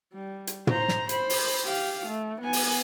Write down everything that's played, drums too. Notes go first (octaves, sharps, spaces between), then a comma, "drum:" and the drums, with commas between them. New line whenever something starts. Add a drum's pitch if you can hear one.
G3
drum: hi-hat
C5 A#5, drum: tom
drum: snare
C5 B5, drum: hi-hat
drum: open hi-hat
G4 F5
A3
B3 G#5
drum: open hi-hat